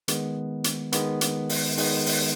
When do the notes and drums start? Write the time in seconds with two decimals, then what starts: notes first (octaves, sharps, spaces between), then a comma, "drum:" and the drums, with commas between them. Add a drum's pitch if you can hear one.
0.08 D#3 G#3 B3, drum: hi-hat
0.64 drum: hi-hat
0.92 D#3 G#3 B3, drum: hi-hat
1.21 drum: hi-hat
1.49 drum: open hi-hat
1.78 D#3 G#3 B3, drum: open hi-hat
2.06 drum: open hi-hat